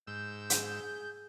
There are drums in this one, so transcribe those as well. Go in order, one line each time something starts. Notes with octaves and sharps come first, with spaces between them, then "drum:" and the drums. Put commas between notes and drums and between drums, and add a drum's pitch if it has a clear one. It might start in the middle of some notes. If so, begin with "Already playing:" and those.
G#2 E6 G6
G#4, drum: hi-hat